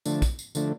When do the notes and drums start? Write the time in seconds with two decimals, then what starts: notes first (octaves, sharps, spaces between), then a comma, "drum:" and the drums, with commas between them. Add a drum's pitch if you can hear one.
0.06 D3 F3 A3 D4, drum: tambourine
0.22 drum: kick, tambourine
0.39 drum: tambourine
0.55 D3 F3 A3 D4, drum: tambourine